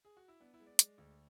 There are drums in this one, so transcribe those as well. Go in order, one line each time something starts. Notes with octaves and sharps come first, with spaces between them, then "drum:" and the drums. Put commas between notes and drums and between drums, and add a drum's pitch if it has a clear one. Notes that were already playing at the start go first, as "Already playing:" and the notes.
G#4
F#4
E4
B3 D4
E4
G#3
D5
G#3, drum: hi-hat
D2